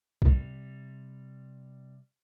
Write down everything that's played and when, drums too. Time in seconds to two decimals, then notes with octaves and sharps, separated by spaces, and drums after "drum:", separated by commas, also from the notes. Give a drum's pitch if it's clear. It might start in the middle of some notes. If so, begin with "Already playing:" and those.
0.22 C3 G3, drum: kick B1